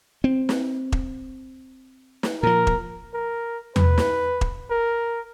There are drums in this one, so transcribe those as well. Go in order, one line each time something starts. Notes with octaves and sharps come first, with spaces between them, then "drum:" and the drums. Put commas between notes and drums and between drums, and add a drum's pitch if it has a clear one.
C4
drum: snare
drum: kick E1
drum: snare
A#2 F3 A#4
drum: kick E1
A#4
B4, drum: tom E2
drum: snare
drum: kick E1
A#4